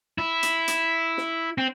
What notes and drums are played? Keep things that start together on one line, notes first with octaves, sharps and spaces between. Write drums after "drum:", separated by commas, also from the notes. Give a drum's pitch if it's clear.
E4
drum: hi-hat
drum: hi-hat
drum: snare
C4